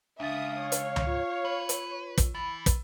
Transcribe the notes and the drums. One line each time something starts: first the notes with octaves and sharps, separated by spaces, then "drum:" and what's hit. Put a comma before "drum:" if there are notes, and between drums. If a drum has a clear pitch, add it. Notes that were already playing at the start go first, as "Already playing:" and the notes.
C#2 D4 E5 F5 D#6 A6
C#5
drum: hi-hat
drum: tom C#2
F4
B4
drum: hi-hat
drum: kick, hi-hat
E3 B5 A6
drum: kick, hi-hat